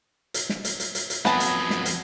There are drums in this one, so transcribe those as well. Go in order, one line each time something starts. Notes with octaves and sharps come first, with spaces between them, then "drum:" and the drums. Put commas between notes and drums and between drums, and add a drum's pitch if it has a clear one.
drum: hi-hat
drum: snare
drum: hi-hat
drum: hi-hat
drum: hi-hat
drum: hi-hat
F2 F#3 B3 A5, drum: snare
drum: hi-hat
drum: snare
drum: hi-hat